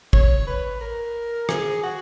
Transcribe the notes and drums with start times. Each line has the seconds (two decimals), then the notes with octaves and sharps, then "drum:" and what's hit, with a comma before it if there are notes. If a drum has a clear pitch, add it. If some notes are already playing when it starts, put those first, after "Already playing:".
0.13 C#5, drum: kick
0.47 B4
0.81 A#4
1.49 G#4, drum: rim click
1.83 F#4